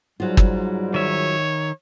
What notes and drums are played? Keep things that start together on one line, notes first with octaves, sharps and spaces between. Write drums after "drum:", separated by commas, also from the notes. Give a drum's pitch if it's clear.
G#2 F#3 G3 F4
drum: kick
D#3 C#5 E5